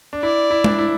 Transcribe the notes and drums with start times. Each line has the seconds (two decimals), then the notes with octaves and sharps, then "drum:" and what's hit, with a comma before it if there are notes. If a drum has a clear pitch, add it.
0.13 D4
0.22 E4 D5
0.51 E4
0.64 D4, drum: tom G#3
0.78 E4